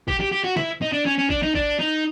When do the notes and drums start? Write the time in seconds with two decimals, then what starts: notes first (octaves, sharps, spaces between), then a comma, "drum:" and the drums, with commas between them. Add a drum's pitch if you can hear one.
0.08 G4, drum: kick
0.20 G4
0.32 G4
0.44 F#4
0.57 E4, drum: snare
0.82 D#4
0.93 D4
1.06 C#4
1.18 C#4
1.30 D4, drum: kick
1.43 D#4
1.55 D4, drum: kick
1.79 D#4